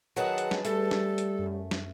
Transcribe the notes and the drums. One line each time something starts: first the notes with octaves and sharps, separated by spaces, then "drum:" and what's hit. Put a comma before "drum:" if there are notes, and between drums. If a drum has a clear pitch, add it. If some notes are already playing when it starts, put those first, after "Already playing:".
D#3 F#3 G#4 B4 F#5 A5
drum: hi-hat
drum: snare
G3 A3 A4, drum: hi-hat
drum: snare
drum: hi-hat
F#2
drum: snare